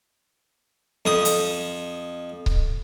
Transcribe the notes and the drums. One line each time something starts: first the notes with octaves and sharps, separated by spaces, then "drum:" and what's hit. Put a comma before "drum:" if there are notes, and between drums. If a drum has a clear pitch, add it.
F2 D#6, drum: snare
drum: hi-hat
drum: kick C#1